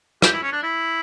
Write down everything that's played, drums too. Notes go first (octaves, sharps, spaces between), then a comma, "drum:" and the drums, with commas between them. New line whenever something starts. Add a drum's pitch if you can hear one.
G4, drum: rim click
E4
C#4
D4
E4